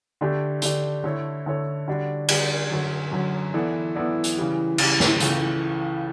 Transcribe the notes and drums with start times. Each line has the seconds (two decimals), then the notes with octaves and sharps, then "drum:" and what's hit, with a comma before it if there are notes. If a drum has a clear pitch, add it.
0.21 D3 A3 D4 G4
0.62 D3 A3 D4 G4, drum: hi-hat
1.04 D3 A3 E4 A4 C#5
1.46 D3 A3 E4 A4 C#5
1.88 D3 G3 D4 F#4
2.29 D3 G3 D4 F#4, drum: cymbal
2.70 F#2 D3 F#3
3.12 F#2 D3 F#3
3.54 E3 B3 E4 A4 D5
3.95 E3 B3 E4 A4 D5
4.24 drum: hi-hat
4.37 C#3 E3 G3
4.78 C#3 E3 G3, drum: cymbal
5.00 drum: snare
5.20 C#2 C#3 E3 A3, drum: hi-hat